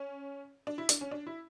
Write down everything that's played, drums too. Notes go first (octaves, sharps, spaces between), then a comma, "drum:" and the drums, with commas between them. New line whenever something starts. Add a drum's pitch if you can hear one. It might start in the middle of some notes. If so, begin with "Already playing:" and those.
Already playing: C#4
D4
E4
D4, drum: hi-hat
C#4
D4
E4